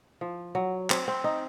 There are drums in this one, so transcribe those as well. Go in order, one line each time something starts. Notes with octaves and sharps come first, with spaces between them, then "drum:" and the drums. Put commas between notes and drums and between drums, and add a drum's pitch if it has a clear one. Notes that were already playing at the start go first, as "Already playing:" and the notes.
F3
F#3
C4, drum: clap
C4
D#4